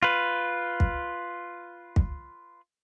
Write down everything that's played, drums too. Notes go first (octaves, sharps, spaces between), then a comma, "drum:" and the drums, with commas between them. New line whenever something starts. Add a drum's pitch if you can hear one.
F4 B4
drum: kick
drum: kick